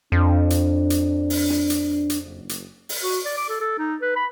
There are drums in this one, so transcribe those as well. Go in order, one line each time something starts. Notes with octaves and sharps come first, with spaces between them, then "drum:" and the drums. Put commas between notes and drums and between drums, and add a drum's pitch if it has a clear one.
F2 D4
drum: hi-hat
drum: hi-hat
drum: open hi-hat
drum: snare
drum: hi-hat
drum: hi-hat
F#1
drum: hi-hat
drum: open hi-hat
F#4
D5
D6
A4
A4
D#4
B4
B5